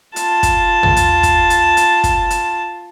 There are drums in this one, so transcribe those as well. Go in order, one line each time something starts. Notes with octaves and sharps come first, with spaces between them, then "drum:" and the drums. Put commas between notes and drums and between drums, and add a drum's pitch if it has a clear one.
F4 A5, drum: hi-hat
drum: kick, hi-hat
drum: tom
drum: hi-hat
drum: kick, hi-hat
drum: hi-hat
drum: hi-hat
drum: kick, hi-hat
drum: hi-hat